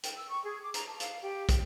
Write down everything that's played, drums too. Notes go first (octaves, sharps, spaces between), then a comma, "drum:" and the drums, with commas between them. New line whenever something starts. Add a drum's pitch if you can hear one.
G5, drum: hi-hat
E6
C#6
G#4
D6
A#5, drum: hi-hat
A5
F5, drum: hi-hat
G4
G5, drum: kick, hi-hat